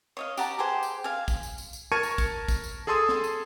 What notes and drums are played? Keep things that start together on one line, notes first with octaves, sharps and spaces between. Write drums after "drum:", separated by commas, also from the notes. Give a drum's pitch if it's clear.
C#5 D#5 F5
G4 F#5 A5 A#5, drum: tambourine
G4 G#4 C5 G5
drum: tambourine
F5 G#5
drum: kick, tambourine
drum: tambourine
drum: tambourine
drum: tambourine
A#4 A5 C#6 G#6 C#7 D#7
drum: tambourine
drum: kick, tambourine
drum: kick, tambourine
drum: tambourine
G#4 A4 A5 C6 D#6
drum: snare
drum: tambourine